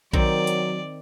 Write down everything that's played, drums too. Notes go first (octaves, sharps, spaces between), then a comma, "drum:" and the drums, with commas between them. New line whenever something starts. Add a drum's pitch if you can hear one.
D#3 F#3 C4 D5, drum: kick A#1
drum: hi-hat